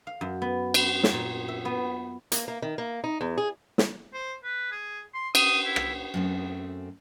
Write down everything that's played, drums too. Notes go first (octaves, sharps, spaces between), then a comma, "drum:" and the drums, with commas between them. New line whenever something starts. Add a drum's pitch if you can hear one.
F5
F#2
B3
drum: cymbal
drum: snare
A#2
E5
B3
A#3, drum: hi-hat
A#3
D#3
A#3
D#4
E2
G#4
drum: snare
C5
B4
G#4
C6
D#6, drum: cymbal
E4
drum: rim click
F#2 A3 C4